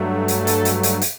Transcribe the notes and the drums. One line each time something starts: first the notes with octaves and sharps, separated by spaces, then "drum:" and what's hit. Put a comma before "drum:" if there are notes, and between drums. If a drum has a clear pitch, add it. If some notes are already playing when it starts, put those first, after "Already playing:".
Already playing: G2 F#3 A3
A4, drum: hi-hat
drum: hi-hat
drum: hi-hat
drum: hi-hat
drum: hi-hat